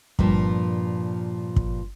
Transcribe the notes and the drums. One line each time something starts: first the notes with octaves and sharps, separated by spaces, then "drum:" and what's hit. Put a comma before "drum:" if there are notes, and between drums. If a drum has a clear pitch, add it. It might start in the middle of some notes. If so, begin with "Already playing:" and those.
G2 A#2 F3, drum: kick
drum: kick